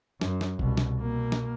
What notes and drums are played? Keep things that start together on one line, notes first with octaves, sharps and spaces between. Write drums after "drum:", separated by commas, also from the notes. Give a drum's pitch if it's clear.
F#2, drum: snare
drum: snare
C2 B2, drum: kick
drum: snare
B2 A#3
drum: snare